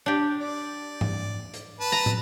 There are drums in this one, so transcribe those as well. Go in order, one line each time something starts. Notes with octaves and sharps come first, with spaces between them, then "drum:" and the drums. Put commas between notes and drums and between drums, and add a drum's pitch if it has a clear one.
D4 G4
D5
drum: tom G#2
drum: hi-hat
B4 A5
A#5
drum: tom